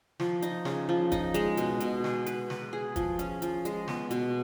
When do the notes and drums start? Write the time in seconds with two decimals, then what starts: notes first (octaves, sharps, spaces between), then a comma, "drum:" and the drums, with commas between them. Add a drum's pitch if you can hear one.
0.20 F3, drum: snare
0.42 D#4, drum: hi-hat
0.65 C#3, drum: snare
0.89 F3
1.12 D#4, drum: kick, hi-hat
1.34 G#3, drum: hi-hat
1.57 B2, drum: hi-hat
1.80 B2, drum: hi-hat
2.04 G#4, drum: snare
2.26 B4, drum: hi-hat
2.50 B4, drum: snare
2.73 G#4
2.96 F3, drum: kick, hi-hat
3.19 C#4, drum: hi-hat
3.42 F3, drum: hi-hat
3.65 G#3, drum: hi-hat
3.88 B3, drum: snare
4.11 B2, drum: hi-hat